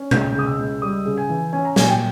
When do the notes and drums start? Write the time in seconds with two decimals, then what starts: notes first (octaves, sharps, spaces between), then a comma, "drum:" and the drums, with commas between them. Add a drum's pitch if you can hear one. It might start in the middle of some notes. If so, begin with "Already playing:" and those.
Already playing: C#4
0.11 C#2 G6, drum: tom
0.35 C#3 D#6
0.46 E6
0.59 C#2
0.82 G3 D#6
1.05 C#3
1.17 G#5
1.29 E3
1.53 C#4 G#5
1.65 A#5
1.76 A#2 G#5, drum: snare
1.88 G5